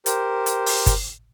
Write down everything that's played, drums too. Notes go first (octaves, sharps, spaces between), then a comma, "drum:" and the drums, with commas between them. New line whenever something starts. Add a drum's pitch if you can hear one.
G4 A#4 C5, drum: hi-hat
drum: hi-hat
drum: open hi-hat
drum: kick, hi-hat